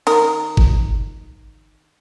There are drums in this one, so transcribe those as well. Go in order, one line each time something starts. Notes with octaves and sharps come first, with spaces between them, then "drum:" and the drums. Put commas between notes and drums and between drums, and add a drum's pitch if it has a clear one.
D#3 A#4, drum: cymbal
drum: kick